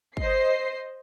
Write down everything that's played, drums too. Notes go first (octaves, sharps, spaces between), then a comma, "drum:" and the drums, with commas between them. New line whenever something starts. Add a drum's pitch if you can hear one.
C5 D#5 C7, drum: kick